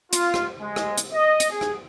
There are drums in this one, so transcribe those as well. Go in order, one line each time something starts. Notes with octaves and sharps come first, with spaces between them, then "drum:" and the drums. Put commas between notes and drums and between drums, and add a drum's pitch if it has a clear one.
F4, drum: hi-hat
drum: rim click
G#3
drum: rim click
drum: hi-hat
D#5
drum: hi-hat
G#4
drum: rim click